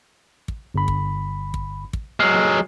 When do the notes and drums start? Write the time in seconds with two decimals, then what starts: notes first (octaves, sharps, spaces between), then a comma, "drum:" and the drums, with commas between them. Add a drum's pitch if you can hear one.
0.48 drum: kick
0.74 G1 B5
0.88 drum: kick
1.54 drum: kick
1.93 drum: kick
2.20 F#3 G#3 F6 C7